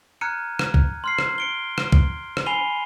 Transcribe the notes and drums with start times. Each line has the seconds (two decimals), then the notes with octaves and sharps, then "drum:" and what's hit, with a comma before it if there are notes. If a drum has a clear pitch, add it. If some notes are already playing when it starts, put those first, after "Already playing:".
0.21 A#5 F6 F#6 G#6 C#7 D#7
0.59 drum: rim click
0.74 drum: kick
1.04 C6 F6 C7
1.19 drum: rim click
1.38 C#7 D7 G7
1.78 drum: rim click
1.92 drum: kick
2.37 drum: rim click
2.46 G#5 B5 C7 D#7 F7 G7